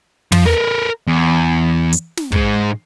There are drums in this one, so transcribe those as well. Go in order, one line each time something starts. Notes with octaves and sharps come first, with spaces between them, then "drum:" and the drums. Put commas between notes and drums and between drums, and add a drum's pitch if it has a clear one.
F3, drum: tom
A#4 B4
E2
drum: hi-hat
drum: snare
G#2 G#3, drum: kick